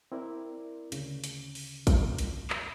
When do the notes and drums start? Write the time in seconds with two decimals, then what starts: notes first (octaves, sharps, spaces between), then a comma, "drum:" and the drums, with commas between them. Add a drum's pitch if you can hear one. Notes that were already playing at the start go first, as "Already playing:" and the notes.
0.12 C4 E4 A#4 D5
0.92 D2 C#3, drum: hi-hat
1.24 drum: hi-hat
1.55 drum: open hi-hat
1.87 drum: kick, hi-hat
2.18 drum: hi-hat
2.50 drum: clap